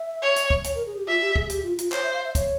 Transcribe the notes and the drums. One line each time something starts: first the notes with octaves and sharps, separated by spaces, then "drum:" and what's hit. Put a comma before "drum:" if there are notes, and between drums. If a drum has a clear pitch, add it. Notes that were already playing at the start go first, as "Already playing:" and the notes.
Already playing: E5
C#5
drum: hi-hat
drum: kick
C#5, drum: hi-hat
A#4
G#4
G4
F4 E5
G4
G#4, drum: kick
G4, drum: hi-hat
F4
F4, drum: hi-hat
C5 C#5, drum: clap
E5
F5
E5
C#5, drum: kick, hi-hat